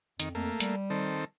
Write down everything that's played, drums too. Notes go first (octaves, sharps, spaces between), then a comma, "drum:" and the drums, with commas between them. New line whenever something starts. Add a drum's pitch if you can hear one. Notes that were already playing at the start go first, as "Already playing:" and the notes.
F2 D#3, drum: hi-hat
F2 A3 A#3
G3, drum: hi-hat
D#3 C4 A4